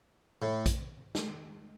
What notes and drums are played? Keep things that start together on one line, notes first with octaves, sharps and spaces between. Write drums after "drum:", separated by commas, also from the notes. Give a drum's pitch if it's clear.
A2
drum: kick, hi-hat
drum: snare